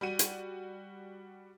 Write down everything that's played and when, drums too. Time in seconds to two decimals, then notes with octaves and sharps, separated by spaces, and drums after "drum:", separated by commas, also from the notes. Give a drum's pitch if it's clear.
0.01 G3 F#4 D#7
0.19 drum: hi-hat